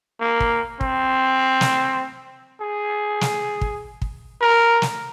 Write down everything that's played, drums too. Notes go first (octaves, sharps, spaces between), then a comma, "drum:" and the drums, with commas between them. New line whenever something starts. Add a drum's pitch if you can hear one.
A#3
drum: kick
C4, drum: kick
drum: snare
G#4
drum: snare
drum: kick
drum: kick
A#4
drum: snare